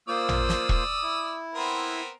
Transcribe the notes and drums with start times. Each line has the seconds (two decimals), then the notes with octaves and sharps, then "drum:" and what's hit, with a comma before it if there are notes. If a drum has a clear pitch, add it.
0.08 A#3 F4 C5 D5 D#6 E6
0.29 drum: tom A1
0.49 drum: snare
0.69 drum: kick E1
1.03 E4
1.55 B3 C4 A#4